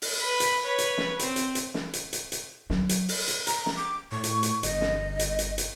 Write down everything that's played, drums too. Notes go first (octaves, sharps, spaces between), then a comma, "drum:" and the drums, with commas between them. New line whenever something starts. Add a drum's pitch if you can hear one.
drum: open hi-hat
B4 B5
drum: hi-hat
B4 C#5
drum: hi-hat
drum: snare
C4, drum: hi-hat
drum: hi-hat
drum: hi-hat
drum: snare
drum: hi-hat
drum: hi-hat
drum: hi-hat
F#3, drum: snare
drum: hi-hat
drum: open hi-hat
drum: hi-hat
A#5, drum: hi-hat
drum: snare
D6
A2 C#6
drum: hi-hat
drum: hi-hat
G1 D#5, drum: hi-hat
drum: snare
drum: hi-hat
drum: hi-hat
drum: hi-hat